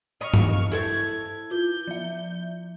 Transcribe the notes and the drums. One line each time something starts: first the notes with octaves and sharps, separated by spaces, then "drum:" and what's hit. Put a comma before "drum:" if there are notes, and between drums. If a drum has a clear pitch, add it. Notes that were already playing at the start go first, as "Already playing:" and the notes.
D#5 C#6 F6
drum: tom G2
E4 A4 C5 G#6
F4 G6
F3 E5